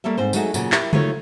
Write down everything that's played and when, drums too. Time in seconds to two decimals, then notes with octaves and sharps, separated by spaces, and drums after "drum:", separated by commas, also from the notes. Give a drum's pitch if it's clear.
0.04 G3 A#3 A4 C#5 E5
0.17 G#2 C4 C5
0.33 F#3 G#3 A3 D#4 F#4, drum: tambourine
0.54 A#2 C#3 F#3, drum: tambourine
0.72 E4 G4 A#4, drum: clap
0.93 D#3 F#3 A3 F4 C#5, drum: tom C#3